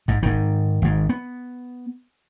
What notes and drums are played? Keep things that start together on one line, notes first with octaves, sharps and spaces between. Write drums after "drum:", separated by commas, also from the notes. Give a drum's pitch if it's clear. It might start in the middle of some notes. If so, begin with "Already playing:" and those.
G#2, drum: tom
G#2 D#3
G#1 G#2
B3